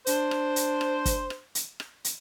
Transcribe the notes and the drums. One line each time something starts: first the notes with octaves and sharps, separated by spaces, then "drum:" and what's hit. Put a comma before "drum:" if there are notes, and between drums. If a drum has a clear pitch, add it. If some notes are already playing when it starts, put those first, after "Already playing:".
D4 C5, drum: hi-hat
drum: rim click
drum: hi-hat
drum: rim click
drum: kick, hi-hat
drum: rim click
drum: hi-hat
drum: rim click
drum: hi-hat